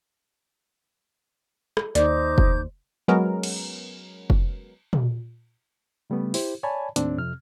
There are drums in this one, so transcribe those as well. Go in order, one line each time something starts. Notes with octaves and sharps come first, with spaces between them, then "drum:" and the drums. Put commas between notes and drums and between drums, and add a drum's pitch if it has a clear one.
drum: rim click
D#2 D#4 C5 D5 D6 G6, drum: hi-hat
drum: kick F1
F#3 G#3 B3 C#4 A#4
drum: cymbal
drum: kick F1
drum: tom
C#3 G3 A3 B3
E4 G4 C5, drum: open hi-hat
C#5 D5 G#5 A5 B5
D#2 A2 C4 D4, drum: hi-hat
F2 C3 F6